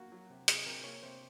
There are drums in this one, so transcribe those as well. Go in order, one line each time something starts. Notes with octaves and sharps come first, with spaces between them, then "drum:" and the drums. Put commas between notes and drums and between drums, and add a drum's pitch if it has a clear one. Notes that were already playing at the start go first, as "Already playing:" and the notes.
Already playing: A#3 F#4
F#3
C3
C3 G#4, drum: hi-hat
C3 A#4
A#3 C#5
C3 C5